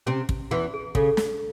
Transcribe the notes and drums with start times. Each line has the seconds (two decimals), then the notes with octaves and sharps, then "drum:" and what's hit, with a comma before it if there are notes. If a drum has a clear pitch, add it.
0.06 C3 C4 C#4
0.29 drum: kick
0.51 E2 E3 F#4
0.74 G#4
0.95 C#3 A4, drum: kick
1.17 drum: snare